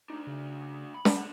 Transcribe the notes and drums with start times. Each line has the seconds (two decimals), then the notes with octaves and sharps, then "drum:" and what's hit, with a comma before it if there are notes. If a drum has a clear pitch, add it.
0.10 A3 D4 D#4
0.27 C#3
0.94 B5
1.05 drum: snare
1.16 D3 F#5